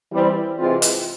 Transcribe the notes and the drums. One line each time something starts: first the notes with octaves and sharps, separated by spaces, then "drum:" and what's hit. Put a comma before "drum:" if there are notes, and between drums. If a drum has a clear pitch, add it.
E3 G3 C4
C3 E3 G#3 C4 F4
drum: hi-hat